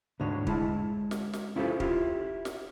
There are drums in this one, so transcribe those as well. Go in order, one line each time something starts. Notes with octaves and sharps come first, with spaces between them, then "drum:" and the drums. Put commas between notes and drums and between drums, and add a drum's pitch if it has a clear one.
D2 G#2 D3 C#5
G#3 E4 A5, drum: kick
drum: snare
drum: snare
C#4 E4 F4 G4 A4 C5
E4 F4 G4, drum: kick
drum: snare